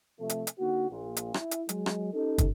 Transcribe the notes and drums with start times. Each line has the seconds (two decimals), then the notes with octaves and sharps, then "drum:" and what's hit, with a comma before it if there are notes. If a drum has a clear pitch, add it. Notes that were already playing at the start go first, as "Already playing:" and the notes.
0.19 C3 F3 A3
0.29 drum: hi-hat
0.47 drum: hi-hat
0.59 D3 A#3 D#4 F#4
0.90 A#1 A#2
1.17 drum: hi-hat
1.34 E4, drum: rim click
1.51 drum: hi-hat
1.69 F#3 G#3, drum: hi-hat
1.86 drum: rim click
2.14 C#4 D#4 G4 A4
2.38 drum: kick, hi-hat